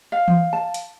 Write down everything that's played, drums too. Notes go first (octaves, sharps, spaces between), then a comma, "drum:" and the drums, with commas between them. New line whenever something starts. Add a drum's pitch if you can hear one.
F5
drum: tom E3
A5
drum: hi-hat